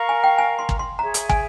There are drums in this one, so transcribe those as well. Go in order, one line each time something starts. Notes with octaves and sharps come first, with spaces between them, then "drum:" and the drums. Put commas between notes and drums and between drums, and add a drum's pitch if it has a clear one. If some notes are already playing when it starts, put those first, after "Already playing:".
Already playing: A#4 F5 A#5 C#6
G#5
G5
G#5
C6
drum: kick
C6
G#4 C#5 E5 A#5
drum: hi-hat
G#5, drum: kick